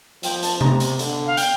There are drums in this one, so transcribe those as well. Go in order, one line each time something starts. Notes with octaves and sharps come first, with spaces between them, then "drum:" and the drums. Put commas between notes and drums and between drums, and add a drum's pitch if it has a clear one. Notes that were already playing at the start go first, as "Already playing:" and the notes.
F3 G5, drum: hi-hat
A5, drum: hi-hat
C3 A#5, drum: tom C3
drum: hi-hat
D3, drum: hi-hat
F5
G5, drum: hi-hat